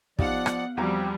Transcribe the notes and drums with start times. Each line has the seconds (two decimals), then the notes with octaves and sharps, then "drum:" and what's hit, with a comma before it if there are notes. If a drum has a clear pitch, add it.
0.19 F3 B3 D#4 G4 D5 F5 F#5, drum: kick
0.46 drum: rim click
0.77 E2 F3 G3 C4 F#4 G4 A#5